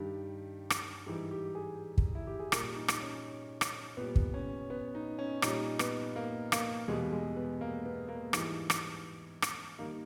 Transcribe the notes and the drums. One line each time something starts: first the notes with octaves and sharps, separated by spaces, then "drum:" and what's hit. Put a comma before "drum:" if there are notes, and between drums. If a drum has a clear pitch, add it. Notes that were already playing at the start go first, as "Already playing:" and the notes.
Already playing: G2 D#3 G3
drum: rim click
G#2 E3 G3 G4
G4
G#4
drum: kick
E4
G4
G#4
A#2 G3 A#4, drum: rim click
D#4
drum: rim click
C#4
drum: rim click
A#2 G3 B3
drum: kick
C#4
B3
D#4
C#4
A#2 G3 D#4, drum: rim click
B3, drum: rim click
A#3
A#3, drum: rim click
E2 B2 G3 G#3
G#3
B3
A#3
B3
A#3
G#2 E3 G3, drum: rim click
drum: rim click
drum: rim click
D#3 G3 A#3